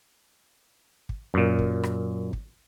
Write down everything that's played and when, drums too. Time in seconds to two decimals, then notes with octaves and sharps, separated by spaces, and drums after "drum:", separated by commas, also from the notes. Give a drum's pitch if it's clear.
1.09 drum: kick
1.34 F#2 A#2
1.59 drum: kick
1.83 drum: rim click
2.33 drum: kick